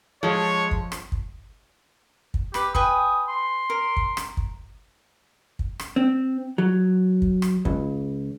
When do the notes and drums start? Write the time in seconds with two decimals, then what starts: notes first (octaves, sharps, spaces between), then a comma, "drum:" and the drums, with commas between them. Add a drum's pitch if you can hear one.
0.23 F3 G#3 A4 C#5
0.71 drum: kick
0.92 drum: rim click
1.12 drum: kick
2.34 drum: kick
2.54 G4 B4 B5, drum: rim click
2.75 B4 G5 G#5 D#6, drum: kick
3.28 C6
3.70 A#4
3.97 drum: kick
4.17 drum: rim click
4.37 drum: kick
5.59 drum: kick
5.79 drum: rim click
5.96 C4
6.58 F#3
7.22 drum: kick
7.42 drum: rim click
7.65 C#2, drum: kick